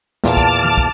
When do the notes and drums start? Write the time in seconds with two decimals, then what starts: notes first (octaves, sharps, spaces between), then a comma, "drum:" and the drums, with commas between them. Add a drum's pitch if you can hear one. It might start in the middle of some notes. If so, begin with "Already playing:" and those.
0.24 E2 A#2 A5 D6 F6, drum: snare
0.37 drum: kick, hi-hat
0.64 drum: tom D#3
0.78 drum: kick